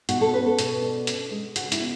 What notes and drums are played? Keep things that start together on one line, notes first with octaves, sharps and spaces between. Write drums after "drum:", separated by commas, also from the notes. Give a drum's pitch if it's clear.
B2 F#4, drum: hi-hat
A4
C#4 B4
A4
B2, drum: hi-hat
D4
C#4, drum: hi-hat
G#3
C#3 F#4, drum: hi-hat
E4, drum: hi-hat
B3